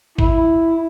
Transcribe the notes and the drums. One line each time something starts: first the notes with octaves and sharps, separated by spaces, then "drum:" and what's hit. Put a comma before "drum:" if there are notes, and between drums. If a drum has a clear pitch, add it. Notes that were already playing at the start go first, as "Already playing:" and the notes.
E4, drum: kick